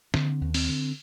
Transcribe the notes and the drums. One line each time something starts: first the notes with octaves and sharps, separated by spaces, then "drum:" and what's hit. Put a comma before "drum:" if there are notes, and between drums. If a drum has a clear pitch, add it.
D3 C4, drum: snare
D#2
C4, drum: open hi-hat
D3